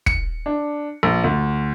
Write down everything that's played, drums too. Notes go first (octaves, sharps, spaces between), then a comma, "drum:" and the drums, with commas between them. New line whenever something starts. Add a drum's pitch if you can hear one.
C#7, drum: kick
D4
A#1
D2